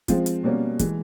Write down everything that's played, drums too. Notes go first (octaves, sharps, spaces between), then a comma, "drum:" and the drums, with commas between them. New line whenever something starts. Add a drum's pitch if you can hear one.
F3 G#3 C4 F4, drum: kick, hi-hat
drum: hi-hat
B2 G3 A#3 C#4
E3 G#3, drum: kick, hi-hat